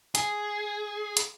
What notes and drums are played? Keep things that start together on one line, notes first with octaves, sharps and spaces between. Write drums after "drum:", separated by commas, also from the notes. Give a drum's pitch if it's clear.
G#4, drum: hi-hat
drum: hi-hat